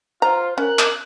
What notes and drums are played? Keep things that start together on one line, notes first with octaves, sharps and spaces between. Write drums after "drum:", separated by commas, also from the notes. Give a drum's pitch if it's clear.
F4 C5 A#5
C#4 A#4 F#6
drum: clap